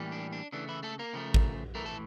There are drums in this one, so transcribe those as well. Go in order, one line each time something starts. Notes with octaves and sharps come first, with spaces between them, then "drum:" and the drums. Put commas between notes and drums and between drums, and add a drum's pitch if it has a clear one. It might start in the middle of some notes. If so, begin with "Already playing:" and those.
Already playing: A2 E3 G3 A#3
D4
D4
C#3 E3 A3 D4
E3 E4
A3 A4
A#3 A#4
C#3 F3 A3
drum: kick G#1
A2 E3 A3 A#4
A4